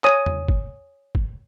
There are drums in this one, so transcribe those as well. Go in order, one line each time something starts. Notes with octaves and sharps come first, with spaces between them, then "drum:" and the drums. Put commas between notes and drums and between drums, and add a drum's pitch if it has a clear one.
C#5 G#5 D#6, drum: clap
drum: tom E2
drum: kick
drum: kick